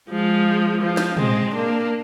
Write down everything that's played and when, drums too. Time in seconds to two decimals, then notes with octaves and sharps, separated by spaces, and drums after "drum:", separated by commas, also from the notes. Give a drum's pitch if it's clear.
0.09 F3 G#3
0.81 F3
0.97 drum: snare
1.17 G#3 C4, drum: tom
1.54 A#3 D4